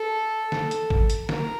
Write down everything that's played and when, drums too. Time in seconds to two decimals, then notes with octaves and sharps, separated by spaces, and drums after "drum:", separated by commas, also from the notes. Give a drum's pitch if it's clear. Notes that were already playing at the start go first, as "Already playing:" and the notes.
Already playing: A4
0.52 drum: snare
0.71 drum: hi-hat
0.90 drum: kick G#1
1.10 drum: hi-hat
1.29 A#4, drum: snare